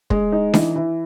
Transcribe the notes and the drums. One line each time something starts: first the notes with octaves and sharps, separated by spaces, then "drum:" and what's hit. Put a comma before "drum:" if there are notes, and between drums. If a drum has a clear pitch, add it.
G#3, drum: kick
D#4
E3, drum: snare D4
E3